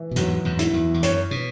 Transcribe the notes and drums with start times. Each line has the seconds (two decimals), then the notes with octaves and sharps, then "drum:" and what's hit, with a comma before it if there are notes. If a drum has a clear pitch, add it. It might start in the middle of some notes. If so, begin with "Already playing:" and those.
Already playing: E3
0.11 B2
0.16 E2 G#2 F#3, drum: hi-hat
0.45 E2 G#2
0.59 E4, drum: hi-hat
0.74 E2
0.94 E2
1.03 F#2 C#5, drum: hi-hat
1.31 B2